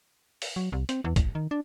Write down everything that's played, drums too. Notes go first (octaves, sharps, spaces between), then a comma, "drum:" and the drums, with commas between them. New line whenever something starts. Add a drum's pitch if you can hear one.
drum: open hi-hat
F#3
C2
C4, drum: hi-hat
E2
A1, drum: kick, hi-hat
D#3
D4